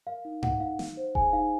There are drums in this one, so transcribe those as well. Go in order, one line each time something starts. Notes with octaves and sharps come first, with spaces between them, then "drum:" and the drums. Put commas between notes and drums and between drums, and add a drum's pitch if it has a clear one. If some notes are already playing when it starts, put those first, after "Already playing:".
A#4 F5
D#4
D#4 F#5, drum: tom G#2
D#4 F5
D#4, drum: snare
C5
G#4 G#5, drum: kick F1
D#4 F5